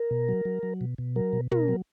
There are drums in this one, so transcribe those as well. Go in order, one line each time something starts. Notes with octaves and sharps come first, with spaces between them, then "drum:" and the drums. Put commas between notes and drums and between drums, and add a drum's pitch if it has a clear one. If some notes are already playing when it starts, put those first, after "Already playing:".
Already playing: A#4
B2
F#3
F#3
F#3
B2
B2
F#3 A#4
B2
B2 A#4, drum: tom
F#3